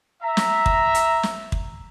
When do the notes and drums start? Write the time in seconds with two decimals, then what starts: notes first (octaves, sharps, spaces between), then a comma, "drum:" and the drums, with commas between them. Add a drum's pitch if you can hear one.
0.22 E5 A#5
0.37 drum: snare
0.66 drum: kick
0.94 drum: hi-hat
1.23 drum: snare
1.52 drum: kick